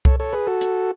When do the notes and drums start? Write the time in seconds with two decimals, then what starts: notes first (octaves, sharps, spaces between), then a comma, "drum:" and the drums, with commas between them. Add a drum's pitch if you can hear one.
0.05 A4 C#5, drum: kick C2
0.20 A4 C#5
0.33 G#4 B4
0.47 F#4 A4
0.61 drum: hi-hat